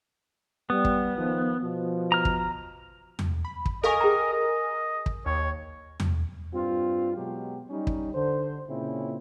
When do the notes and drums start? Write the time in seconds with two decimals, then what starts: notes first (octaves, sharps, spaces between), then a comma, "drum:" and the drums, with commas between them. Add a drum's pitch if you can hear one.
0.70 G3 B3
0.85 drum: kick
1.16 D#3 F3
1.61 B2 F3
2.12 A#5 F6
2.25 drum: kick
3.19 drum: tom E2
3.45 B5
3.66 drum: kick
3.83 A4 A#4 D#5 F5 G#5 C#6
4.01 G#4 G5 A#5
4.33 D#5
5.06 drum: kick
5.26 D#2 C#5
6.00 drum: tom E2
6.54 G2 C4 F4
7.17 B2 F#3 G#3 B3 G4
7.70 G3 C#4 D#4
7.87 drum: kick
8.14 D3 C5
8.68 A#2 C#3 C4 C#4 E4